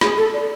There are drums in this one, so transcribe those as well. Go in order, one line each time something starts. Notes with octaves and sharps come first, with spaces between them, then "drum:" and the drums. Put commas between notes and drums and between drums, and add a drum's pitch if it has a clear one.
G#4, drum: rim click
A4
D5